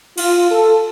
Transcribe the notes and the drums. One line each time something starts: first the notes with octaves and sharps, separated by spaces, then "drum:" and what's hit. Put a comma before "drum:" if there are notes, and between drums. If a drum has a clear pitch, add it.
F4, drum: open hi-hat
A4